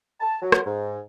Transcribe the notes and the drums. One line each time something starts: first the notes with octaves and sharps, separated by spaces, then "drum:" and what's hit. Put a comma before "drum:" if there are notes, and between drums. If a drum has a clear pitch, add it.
A5
F#3
drum: rim click
G#2